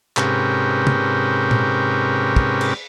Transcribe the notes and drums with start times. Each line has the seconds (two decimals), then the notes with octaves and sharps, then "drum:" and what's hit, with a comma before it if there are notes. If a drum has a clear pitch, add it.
0.17 G#2 C3 C#4 G4 A#4 B4, drum: clap
0.87 drum: tom
1.51 drum: tom A#2
2.36 drum: kick
2.61 drum: cymbal